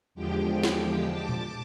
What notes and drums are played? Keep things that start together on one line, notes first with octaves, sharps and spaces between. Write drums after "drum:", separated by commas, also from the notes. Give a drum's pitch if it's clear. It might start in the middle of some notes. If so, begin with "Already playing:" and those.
E2 D3 F3 G#3 G4 G5
drum: snare
A5 D6
drum: tom A#2